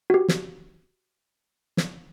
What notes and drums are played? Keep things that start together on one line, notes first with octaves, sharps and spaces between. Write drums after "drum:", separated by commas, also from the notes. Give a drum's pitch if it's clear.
F#4 G4
drum: snare
drum: snare